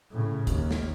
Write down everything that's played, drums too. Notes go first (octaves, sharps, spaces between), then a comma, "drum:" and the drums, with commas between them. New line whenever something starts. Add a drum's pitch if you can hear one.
A2 C#3
D#2, drum: kick, hi-hat
drum: snare